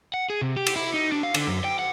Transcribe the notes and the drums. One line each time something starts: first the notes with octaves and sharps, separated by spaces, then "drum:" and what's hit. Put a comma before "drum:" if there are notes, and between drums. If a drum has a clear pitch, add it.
F#5
G#4
C3
G4
drum: cymbal
E4
D#4
D4
F5
D3, drum: cymbal
F#2
G5
F#5